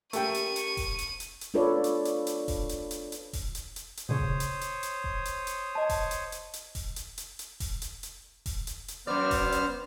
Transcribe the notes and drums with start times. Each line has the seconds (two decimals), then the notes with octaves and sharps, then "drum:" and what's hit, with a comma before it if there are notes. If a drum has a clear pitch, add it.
0.13 A3 C#4 G4 A#4 G5 C#6 D#7, drum: hi-hat
0.35 drum: hi-hat
0.56 drum: hi-hat
0.77 drum: kick E1, open hi-hat
0.99 drum: hi-hat
1.20 drum: hi-hat
1.41 drum: hi-hat
1.54 D4 F4 A4 B4 C#5 D5
1.84 drum: hi-hat
2.05 drum: hi-hat
2.27 drum: hi-hat
2.48 drum: kick E1, open hi-hat
2.69 drum: hi-hat
2.91 drum: hi-hat
3.12 drum: hi-hat
3.33 drum: kick E1, open hi-hat
3.55 drum: hi-hat
3.76 drum: hi-hat
3.97 drum: hi-hat
4.09 A#2 C#3 C5 C#5 D#6
4.19 drum: kick E1
4.40 drum: hi-hat
4.61 drum: hi-hat
4.83 drum: hi-hat
5.04 drum: kick E1
5.25 drum: hi-hat
5.47 drum: hi-hat
5.75 D#5 A5
5.89 drum: kick E1, open hi-hat
6.11 drum: hi-hat
6.32 drum: hi-hat
6.54 drum: hi-hat
6.75 drum: kick E1, open hi-hat
6.96 drum: hi-hat
7.18 drum: hi-hat
7.39 drum: hi-hat
7.60 drum: kick E1, open hi-hat
7.82 drum: hi-hat
8.03 drum: hi-hat
8.46 drum: kick E1, open hi-hat
8.67 drum: hi-hat
8.88 drum: hi-hat
9.07 F#2 B3 C5 D5 F6
9.31 drum: kick E1, open hi-hat
9.52 drum: hi-hat